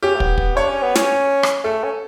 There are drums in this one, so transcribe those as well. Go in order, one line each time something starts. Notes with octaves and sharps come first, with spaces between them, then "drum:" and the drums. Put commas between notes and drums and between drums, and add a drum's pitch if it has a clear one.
C#4 G4
A3
B3, drum: kick
B3, drum: kick
D4 C#5
C#4
B3
C#4, drum: snare
drum: rim click
A3 A4
C#4